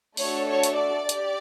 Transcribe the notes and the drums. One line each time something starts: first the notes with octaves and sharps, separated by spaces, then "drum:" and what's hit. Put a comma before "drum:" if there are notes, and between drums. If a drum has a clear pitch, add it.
A3 D4 F#4 A4 C#5, drum: open hi-hat
C#5
drum: hi-hat
D5
G4, drum: hi-hat